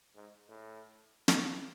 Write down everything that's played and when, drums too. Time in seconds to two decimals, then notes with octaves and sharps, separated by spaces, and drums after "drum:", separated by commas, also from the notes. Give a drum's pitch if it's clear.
0.15 G#2
0.48 A2
1.28 drum: snare